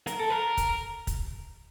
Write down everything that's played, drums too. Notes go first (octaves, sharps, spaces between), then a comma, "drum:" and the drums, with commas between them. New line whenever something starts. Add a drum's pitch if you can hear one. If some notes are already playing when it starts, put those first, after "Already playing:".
A#4, drum: hi-hat
A4
A#4
drum: kick, hi-hat
drum: kick, hi-hat